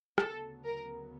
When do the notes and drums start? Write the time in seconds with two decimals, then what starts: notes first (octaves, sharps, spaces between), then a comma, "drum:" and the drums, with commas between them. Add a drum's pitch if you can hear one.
0.18 D2 C#3 F#3 B3 A4, drum: rim click
0.65 A#4